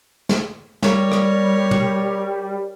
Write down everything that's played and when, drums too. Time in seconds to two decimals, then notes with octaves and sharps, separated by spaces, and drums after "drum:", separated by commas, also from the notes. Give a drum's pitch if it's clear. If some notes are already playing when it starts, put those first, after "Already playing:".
0.29 drum: snare
0.82 G3 A#4 C#5, drum: snare
1.12 drum: rim click
1.71 drum: tom